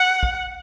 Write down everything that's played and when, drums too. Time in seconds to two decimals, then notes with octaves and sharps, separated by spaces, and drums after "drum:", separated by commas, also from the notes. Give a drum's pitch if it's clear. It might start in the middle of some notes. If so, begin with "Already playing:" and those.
Already playing: F#5
0.23 drum: kick